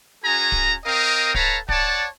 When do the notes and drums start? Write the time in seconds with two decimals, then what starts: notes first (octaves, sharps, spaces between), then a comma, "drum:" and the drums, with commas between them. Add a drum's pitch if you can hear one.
0.24 C#4 F#4 G#4 G#5 A#5
0.52 drum: kick D1
0.85 C4 A#4 D#5 F5 G5 D#6
1.34 A4 B4 C#5 F5 A5 A#5, drum: kick D1
1.69 C#5 D5 F#5 A5, drum: kick D1